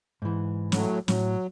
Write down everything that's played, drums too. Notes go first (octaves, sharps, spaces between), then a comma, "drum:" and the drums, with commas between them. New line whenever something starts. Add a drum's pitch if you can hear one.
G#2 E3
A2 F#3, drum: snare
A2 F#3, drum: snare